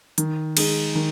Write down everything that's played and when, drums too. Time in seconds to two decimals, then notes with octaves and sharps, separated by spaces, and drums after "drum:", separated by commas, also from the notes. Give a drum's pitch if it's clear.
0.18 D#3, drum: hi-hat
0.57 G#3 D#4 G#4, drum: cymbal
0.95 D#3